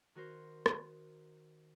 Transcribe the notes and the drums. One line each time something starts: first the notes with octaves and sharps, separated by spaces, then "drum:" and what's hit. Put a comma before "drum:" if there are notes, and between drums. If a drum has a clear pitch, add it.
D#3 F#4 A#4 C5
drum: rim click